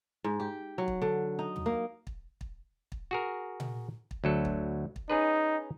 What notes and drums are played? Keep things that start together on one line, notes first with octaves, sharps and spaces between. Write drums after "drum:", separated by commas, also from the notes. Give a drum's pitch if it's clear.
G#2
G4
F#3
drum: kick
D3
D#4
drum: tom
A#3
drum: kick
drum: kick
drum: kick
F#4 G#4 A#4
drum: tom A#2
drum: kick
D2 F#3 A4
drum: kick
drum: kick
C#4 D#4 G#4 B4